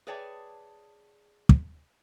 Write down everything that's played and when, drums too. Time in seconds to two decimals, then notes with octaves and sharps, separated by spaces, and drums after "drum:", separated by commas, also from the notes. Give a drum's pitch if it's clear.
0.07 G#4 B4 C#5 D5 G5 A5
1.49 drum: kick